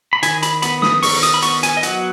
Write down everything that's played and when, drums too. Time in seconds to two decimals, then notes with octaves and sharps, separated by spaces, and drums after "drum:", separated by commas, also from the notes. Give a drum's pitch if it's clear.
0.13 B5
0.23 D#3 G#5, drum: hi-hat
0.43 B5, drum: hi-hat
0.62 B3 B5, drum: hi-hat
0.82 D#6, drum: snare
1.03 D#3 C#6, drum: open hi-hat
1.23 D#6, drum: hi-hat
1.34 B5
1.42 B3 C#6, drum: hi-hat
1.63 G#5, drum: hi-hat
1.77 D#5
1.83 F#3 F#5, drum: hi-hat